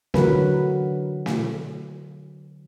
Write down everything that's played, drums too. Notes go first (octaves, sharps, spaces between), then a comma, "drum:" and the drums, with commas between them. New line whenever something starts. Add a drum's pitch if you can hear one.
D3 E3 F#3 F#4 A#4 B4, drum: snare
drum: snare